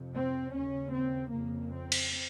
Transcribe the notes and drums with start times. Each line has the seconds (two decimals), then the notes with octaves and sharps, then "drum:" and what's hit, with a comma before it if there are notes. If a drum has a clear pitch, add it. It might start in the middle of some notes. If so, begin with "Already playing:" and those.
Already playing: F2 C3
0.14 C4
0.53 D#2 C#3 C#4
0.92 C4
1.32 F2 C#3 A#3
1.72 C4
1.92 drum: cymbal